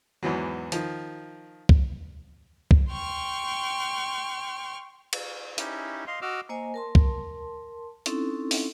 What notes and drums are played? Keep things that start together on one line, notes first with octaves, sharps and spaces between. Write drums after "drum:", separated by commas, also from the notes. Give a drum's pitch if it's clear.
E2 G#2 E3 F#3
D#3 F3, drum: hi-hat
drum: kick C2
drum: kick C2
G5 C6 C#6 F6
drum: cymbal
C#4 D#4 E4 G4, drum: hi-hat
D#5 F5 C6
F#4 D#5 D6 E6 F6
A#3 C5 D#5 G#5
A#4 A5 C6
drum: kick C2
C4 C#4 D#4 E4 A4, drum: hi-hat
drum: open hi-hat